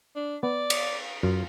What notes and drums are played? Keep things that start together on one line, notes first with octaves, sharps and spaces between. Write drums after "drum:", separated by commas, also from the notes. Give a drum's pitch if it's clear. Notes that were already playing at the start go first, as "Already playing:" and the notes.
D4
B3 D5
drum: cymbal
F#2 F4